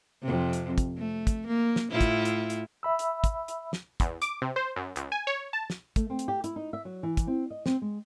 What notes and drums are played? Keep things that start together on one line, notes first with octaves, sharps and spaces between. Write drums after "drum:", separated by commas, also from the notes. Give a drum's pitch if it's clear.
F2 C3
drum: hi-hat
drum: kick, hi-hat
A3
drum: kick, hi-hat
A#3
drum: snare
A2 E4 F4
drum: kick, hi-hat
drum: hi-hat
drum: hi-hat
E5 B5 E6
drum: hi-hat
drum: kick, hi-hat
drum: hi-hat
drum: snare
E2, drum: kick, hi-hat
D6, drum: hi-hat
C3
C5
F#2
C#2, drum: hi-hat
G#5
C#5
A5
drum: snare
A3, drum: kick, hi-hat
C4
drum: hi-hat
G4
E4, drum: hi-hat
D#4
E5
F#3
E3
drum: kick, hi-hat
C4
D#5
C4, drum: snare
G#3